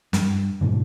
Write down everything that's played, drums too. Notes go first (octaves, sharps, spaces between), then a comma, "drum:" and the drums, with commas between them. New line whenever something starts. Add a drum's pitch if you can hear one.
G2, drum: snare
G#2 B2 D3